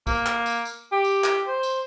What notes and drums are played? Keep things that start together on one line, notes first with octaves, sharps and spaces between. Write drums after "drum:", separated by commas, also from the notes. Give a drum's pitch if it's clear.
A#3, drum: kick, tambourine
drum: clap
drum: tambourine
drum: tambourine
G4
drum: tambourine
drum: clap
C5
drum: tambourine